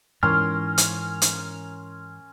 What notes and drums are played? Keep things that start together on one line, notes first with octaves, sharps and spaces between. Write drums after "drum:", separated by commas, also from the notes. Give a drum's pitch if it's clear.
G#2 E3 C#4 A#4 C6 F6
drum: hi-hat
drum: hi-hat